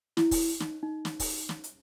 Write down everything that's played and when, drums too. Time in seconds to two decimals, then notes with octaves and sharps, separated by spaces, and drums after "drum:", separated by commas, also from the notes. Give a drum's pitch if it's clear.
0.17 E4, drum: snare
0.31 drum: kick, open hi-hat
0.60 D#4, drum: snare
0.83 D#4
1.05 drum: snare
1.20 drum: kick, open hi-hat
1.49 drum: snare
1.64 drum: hi-hat